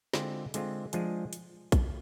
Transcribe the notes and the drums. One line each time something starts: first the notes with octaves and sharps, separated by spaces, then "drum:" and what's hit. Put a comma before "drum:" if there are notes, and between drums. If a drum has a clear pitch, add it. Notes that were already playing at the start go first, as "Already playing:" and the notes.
D3 G#3 C4 F4, drum: snare
D3 G#3 C4 F4, drum: hi-hat
F3 G#3 D4 G#4, drum: hi-hat
drum: hi-hat
drum: kick, hi-hat